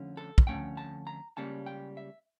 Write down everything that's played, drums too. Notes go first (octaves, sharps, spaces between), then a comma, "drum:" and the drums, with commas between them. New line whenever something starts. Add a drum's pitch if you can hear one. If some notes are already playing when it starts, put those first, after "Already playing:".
Already playing: F2 D3 A3 C#4
A4
drum: kick
F2 D3 A3 C#4 G5
A5
A#5
C#2 C#3 G3 A#3 C#4 A5
G5
E5